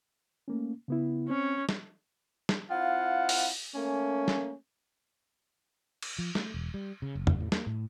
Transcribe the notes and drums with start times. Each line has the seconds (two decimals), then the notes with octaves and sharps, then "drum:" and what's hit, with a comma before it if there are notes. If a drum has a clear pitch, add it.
0.48 A3 A#3 C#4
0.88 C#3 B3 E4
1.30 C4 C#4
1.69 drum: snare
2.49 drum: snare
2.70 C4 E4 F4 F5 F#5
3.29 drum: open hi-hat
3.75 A3 A#3 C#4
4.28 drum: snare
6.02 drum: cymbal
6.19 F3
6.35 A3, drum: snare
6.54 E1
6.74 G3
7.02 C#3
7.15 F#1
7.27 drum: tom
7.40 A2
7.52 A#3, drum: snare
7.66 A2